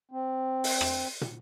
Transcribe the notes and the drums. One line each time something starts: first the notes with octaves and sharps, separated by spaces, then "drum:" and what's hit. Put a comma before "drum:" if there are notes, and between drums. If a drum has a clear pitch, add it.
C4
drum: open hi-hat
drum: rim click
drum: tom